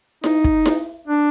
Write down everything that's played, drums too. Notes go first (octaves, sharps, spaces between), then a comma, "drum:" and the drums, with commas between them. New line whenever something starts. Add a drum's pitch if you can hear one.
D#4, drum: snare E4
drum: kick
drum: snare E4
D4